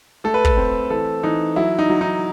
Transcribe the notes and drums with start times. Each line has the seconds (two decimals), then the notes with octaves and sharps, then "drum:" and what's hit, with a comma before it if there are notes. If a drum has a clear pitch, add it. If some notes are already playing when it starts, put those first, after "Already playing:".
0.24 A3 A4
0.34 B4
0.45 A4, drum: kick
0.57 C4
0.90 E3 A4
1.23 E3 D#4
1.56 F#3 E4
1.79 D#4
1.89 F#3
2.01 D#4